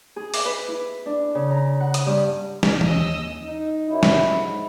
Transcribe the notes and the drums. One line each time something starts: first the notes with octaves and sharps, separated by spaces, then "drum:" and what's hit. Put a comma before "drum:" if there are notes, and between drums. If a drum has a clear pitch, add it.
G#4
D6, drum: open hi-hat
B4
E4
D4
C#3
A#5
F#5
D#6, drum: hi-hat
G2
drum: snare
D#2 C#4 D#5 E6, drum: tom E3
D#4
F#2 E4
drum: snare
G#2